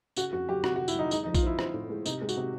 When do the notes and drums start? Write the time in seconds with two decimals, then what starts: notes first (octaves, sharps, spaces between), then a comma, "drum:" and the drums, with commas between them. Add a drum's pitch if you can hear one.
0.16 C#3 F#4, drum: tambourine
0.33 F2 F#4
0.49 F#3 G4
0.64 F1 F#4, drum: rim click
0.76 F#4
0.80 F1
0.88 E4, drum: tambourine
0.95 F#3 D#4
1.11 G#3 D#4, drum: tambourine
1.23 D#4
1.27 F3
1.35 F4, drum: kick A#1, tambourine
1.43 C4 E4
1.59 C4, drum: rim click
1.74 A2
1.89 G#3
2.06 C3 D#4, drum: tambourine
2.22 G#3
2.29 F#4, drum: tambourine
2.37 C3